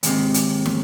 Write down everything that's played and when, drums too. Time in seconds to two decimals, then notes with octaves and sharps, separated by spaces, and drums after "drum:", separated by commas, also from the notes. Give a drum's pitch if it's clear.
0.03 D#2 G#2 C3, drum: hi-hat
0.34 drum: hi-hat
0.66 drum: snare